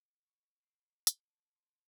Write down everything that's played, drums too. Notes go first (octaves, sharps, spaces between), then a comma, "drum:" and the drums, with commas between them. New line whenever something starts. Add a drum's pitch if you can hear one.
B5 C#6 C#7
B5 G6 C7 D7 E7 F#7
A#5 B5
D7 F#7, drum: hi-hat
A5
C6